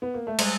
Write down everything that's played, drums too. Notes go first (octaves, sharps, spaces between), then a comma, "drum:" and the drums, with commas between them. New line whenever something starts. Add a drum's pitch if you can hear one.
B3
A#3
A3
G3 G#3, drum: cymbal